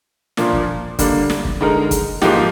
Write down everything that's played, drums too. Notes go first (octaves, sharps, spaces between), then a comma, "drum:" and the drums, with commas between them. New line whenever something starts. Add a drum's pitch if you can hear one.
A#2 F3 A#3 D4, drum: snare
drum: kick
D3 G3 A#3 D4, drum: kick, hi-hat
drum: snare
drum: kick
D3 G#3 D#4 A#4
drum: kick, hi-hat
G#2 F3 A#3 D#4 G4, drum: snare